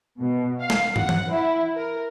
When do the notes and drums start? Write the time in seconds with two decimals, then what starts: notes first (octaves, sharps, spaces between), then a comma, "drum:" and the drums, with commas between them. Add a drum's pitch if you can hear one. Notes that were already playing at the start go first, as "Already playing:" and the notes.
0.20 B2
0.60 F5
0.70 drum: snare
0.96 F#5, drum: tom
1.09 drum: tom E3
1.31 E4
1.76 A#4